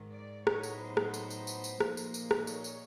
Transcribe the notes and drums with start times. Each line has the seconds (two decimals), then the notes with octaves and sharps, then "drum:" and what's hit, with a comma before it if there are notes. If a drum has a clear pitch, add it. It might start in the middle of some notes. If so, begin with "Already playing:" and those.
Already playing: G#2 D#3 G#3
0.14 D5
0.47 A2 F#3 B3 D#4 C#5, drum: rim click
0.63 drum: tambourine
0.80 C5
0.97 drum: rim click
1.14 drum: tambourine
1.30 drum: tambourine
1.47 drum: tambourine
1.64 drum: tambourine
1.80 A#2 F3 A#3 D#4, drum: rim click
1.97 drum: tambourine
2.14 drum: tambourine
2.31 drum: rim click
2.47 C#5, drum: tambourine
2.64 drum: tambourine